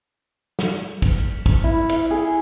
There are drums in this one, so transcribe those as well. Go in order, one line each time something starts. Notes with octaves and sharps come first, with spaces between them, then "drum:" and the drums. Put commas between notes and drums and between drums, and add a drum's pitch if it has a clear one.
drum: snare
drum: kick, cymbal
drum: kick, cymbal
E4
E5, drum: cymbal
G#4